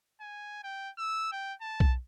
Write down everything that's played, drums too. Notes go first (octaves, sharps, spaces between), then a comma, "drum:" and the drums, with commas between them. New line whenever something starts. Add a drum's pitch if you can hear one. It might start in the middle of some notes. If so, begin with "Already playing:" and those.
G#5
G5
E6
G5
A5
drum: kick B1